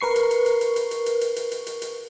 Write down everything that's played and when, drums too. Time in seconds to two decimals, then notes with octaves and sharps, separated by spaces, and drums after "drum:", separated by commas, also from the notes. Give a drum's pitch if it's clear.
0.01 A#4 B4 C#6 C7
0.16 drum: hi-hat
0.31 drum: hi-hat
0.46 drum: hi-hat
0.61 drum: hi-hat
0.76 drum: hi-hat
0.91 drum: hi-hat
1.06 drum: hi-hat
1.21 drum: hi-hat
1.36 drum: hi-hat
1.51 drum: hi-hat
1.67 drum: hi-hat
1.82 drum: hi-hat